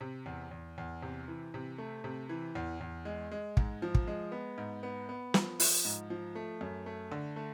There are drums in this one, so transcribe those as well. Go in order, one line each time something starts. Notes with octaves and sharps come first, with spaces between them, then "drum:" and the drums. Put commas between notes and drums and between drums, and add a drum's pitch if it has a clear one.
C3
E2
E2
E2
C3
E3
C3
A3
C3
E3
E2
E2
G#3
G#3
G#2, drum: kick
F3
drum: kick
G#3
B3
G#2
B3
B3
F3, drum: snare
F3, drum: open hi-hat
G#2
F3
A3
F#2
A3
D3
A3